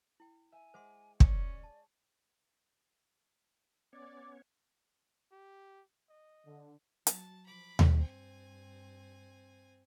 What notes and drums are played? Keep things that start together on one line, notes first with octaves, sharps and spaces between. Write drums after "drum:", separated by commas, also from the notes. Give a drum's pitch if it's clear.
E4 G5
E5 G#5
G#3 C5 F#5 C6 D6
C#4 C#5 D5 G#5 D6, drum: kick
A5
B3 C#4 C#5 D5
G4
D#5
D3
F#3 A5, drum: hi-hat
F3 B5 D6
drum: tom D#2
G2 C4 G#5